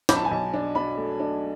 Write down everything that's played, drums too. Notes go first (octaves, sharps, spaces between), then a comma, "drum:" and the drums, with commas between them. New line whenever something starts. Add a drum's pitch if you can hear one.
B1 B5, drum: snare
A5
G#5
B1 A5
D4
D4 B5
A3
D4